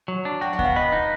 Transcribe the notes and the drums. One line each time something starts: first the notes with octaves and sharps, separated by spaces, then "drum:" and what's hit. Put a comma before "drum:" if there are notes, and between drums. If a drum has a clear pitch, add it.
F#3
D4
F#4 G5
F#5
B3, drum: kick D2
F5
B4 D#5
D#4